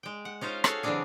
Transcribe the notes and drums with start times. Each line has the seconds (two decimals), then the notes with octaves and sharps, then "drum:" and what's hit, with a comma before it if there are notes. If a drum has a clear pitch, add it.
0.03 G#3 G5
0.25 F#5
0.41 C#4 D#4 F4 C5 F5
0.64 F#4 G#4 A4 C#5 F5 F#5, drum: rim click
0.83 C#3 E3 F#3 C4 D4 G#4